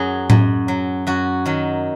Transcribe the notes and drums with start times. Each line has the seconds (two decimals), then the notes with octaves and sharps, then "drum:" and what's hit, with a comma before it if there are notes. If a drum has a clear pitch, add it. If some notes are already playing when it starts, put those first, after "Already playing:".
Already playing: F#2 F#3 G#4
0.30 F#2, drum: tom A2
0.68 F#3
1.07 F#2 F#4
1.46 D#3 F#3